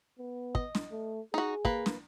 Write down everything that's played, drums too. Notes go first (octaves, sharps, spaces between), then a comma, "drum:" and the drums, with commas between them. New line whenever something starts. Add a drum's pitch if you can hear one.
B3
D#5, drum: kick
drum: snare
A3
D#4 F#4 G#4
A#3 B4, drum: kick
drum: snare